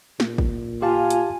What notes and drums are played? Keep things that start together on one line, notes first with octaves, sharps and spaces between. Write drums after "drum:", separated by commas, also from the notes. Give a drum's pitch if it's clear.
A#2, drum: snare
drum: kick
F4 G4 F5 G#5 A5
drum: hi-hat